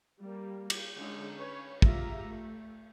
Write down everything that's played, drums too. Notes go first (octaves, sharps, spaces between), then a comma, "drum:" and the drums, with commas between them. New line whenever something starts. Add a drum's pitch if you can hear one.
G3 A#3
drum: cymbal
D3 G#3 C#4 D#4
C#4 B4 C#5
G#3 F4 G4 E5 A#5, drum: kick
A3